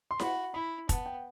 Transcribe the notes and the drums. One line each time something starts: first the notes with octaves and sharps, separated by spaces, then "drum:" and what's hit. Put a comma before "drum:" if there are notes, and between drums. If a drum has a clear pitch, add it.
C6
F#4 B5, drum: snare E4
E4 B5
B3 A5, drum: kick, hi-hat
G5